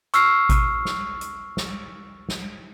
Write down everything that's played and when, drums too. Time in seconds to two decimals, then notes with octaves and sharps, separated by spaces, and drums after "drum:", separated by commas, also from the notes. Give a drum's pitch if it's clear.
0.14 C#6 E6 F6 C7, drum: hi-hat
0.49 drum: kick G#1, hi-hat
0.85 drum: snare
1.21 drum: hi-hat
1.57 drum: snare
2.29 drum: snare